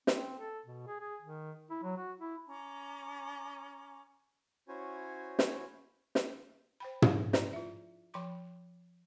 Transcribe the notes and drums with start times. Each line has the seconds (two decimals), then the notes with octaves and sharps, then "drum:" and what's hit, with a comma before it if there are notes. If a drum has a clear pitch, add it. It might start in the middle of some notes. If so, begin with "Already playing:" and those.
0.07 C4, drum: snare
0.39 A4
0.65 B2
0.87 G#4
1.01 G#4
1.21 D#3
1.70 E4
1.83 F#3
1.97 F#4
2.18 E4
2.47 C#4 A#5 D6
4.68 C#4 E4 F#4 C5 C#5 G#5
5.39 drum: snare
6.15 drum: snare
6.80 C5 G5 B5
7.02 F3 G#4, drum: tom
7.33 D4 E4 B4 D5 A#5, drum: snare
7.53 F4 E5
8.14 F3 G5 B5 C6 D6